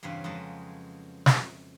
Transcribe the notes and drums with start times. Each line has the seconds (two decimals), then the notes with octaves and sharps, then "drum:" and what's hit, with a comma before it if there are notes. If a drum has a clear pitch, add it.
0.03 E2 G2 C#3 C4 B4
0.24 F2 F#3 G#3 B4 D#5 A5
1.26 drum: snare